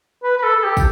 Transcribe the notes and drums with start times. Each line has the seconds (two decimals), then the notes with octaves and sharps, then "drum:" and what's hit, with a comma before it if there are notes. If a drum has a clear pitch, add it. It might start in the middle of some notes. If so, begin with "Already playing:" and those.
0.23 B4
0.38 B4
0.43 A4
0.56 A4
0.64 G4
0.77 drum: kick, tambourine